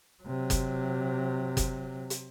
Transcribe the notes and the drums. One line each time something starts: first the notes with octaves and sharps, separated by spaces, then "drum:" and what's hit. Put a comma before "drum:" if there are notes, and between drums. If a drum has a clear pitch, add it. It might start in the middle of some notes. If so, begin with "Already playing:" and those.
C3 F#3
drum: kick F#1, hi-hat
drum: kick F#1, hi-hat
drum: hi-hat